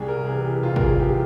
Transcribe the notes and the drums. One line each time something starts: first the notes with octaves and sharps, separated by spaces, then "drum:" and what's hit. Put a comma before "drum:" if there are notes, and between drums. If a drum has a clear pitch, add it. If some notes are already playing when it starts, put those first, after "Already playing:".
Already playing: C2 G#4
A#4
C3 E3 G#4
G4
C2 F4
A#4, drum: kick
G#4
C3 E3 G4